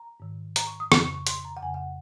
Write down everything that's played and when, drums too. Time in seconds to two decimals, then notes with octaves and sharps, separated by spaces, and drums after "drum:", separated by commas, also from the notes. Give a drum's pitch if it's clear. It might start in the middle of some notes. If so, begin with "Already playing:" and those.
Already playing: A#5
0.20 G#2 D#3
0.56 A#5, drum: hi-hat
0.67 C#6
0.80 D#6
0.92 F2 C#3 C#6, drum: rim click
1.03 C#6
1.14 C#6
1.27 C6, drum: hi-hat
1.45 A#5
1.57 F#5
1.62 F2 C#3 G#5
1.74 F#5